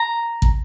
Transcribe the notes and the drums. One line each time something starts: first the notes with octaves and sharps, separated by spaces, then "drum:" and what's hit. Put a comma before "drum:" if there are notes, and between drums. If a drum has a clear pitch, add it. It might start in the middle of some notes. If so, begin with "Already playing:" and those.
Already playing: A#5
drum: kick